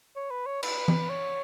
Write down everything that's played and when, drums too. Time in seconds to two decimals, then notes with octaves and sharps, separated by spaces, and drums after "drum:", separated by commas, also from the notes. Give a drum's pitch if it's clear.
0.16 C#5
0.31 B4
0.46 C#5
0.63 B4, drum: cymbal
0.88 drum: tom E3
1.10 C#5